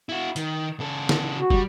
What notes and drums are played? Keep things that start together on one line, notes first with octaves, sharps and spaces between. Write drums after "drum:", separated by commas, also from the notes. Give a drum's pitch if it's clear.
E4 F#4
D#3, drum: hi-hat
C#3 A4
drum: snare
F#4
G3, drum: kick